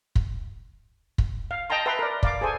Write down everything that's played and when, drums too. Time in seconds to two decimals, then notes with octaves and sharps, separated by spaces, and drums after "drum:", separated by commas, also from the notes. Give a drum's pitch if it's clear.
0.15 drum: kick
1.18 drum: kick
1.51 F5
1.70 D#5 G5 A5 A#5 C6
1.86 B4 E5 G5 A5 A#5 C6
1.99 A#4 D5
2.23 D5 F5 D6, drum: kick
2.41 G#4 A4 C5 G#5